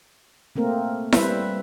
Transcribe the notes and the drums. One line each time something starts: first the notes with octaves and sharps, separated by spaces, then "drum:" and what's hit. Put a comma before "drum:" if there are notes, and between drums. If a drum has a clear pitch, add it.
A3 A#3 C4 A#4
G3 B4 C5 E5, drum: snare E4